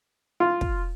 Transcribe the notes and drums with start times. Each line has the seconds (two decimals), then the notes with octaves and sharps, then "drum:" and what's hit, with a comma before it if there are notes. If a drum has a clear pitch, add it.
0.40 F4
0.61 drum: kick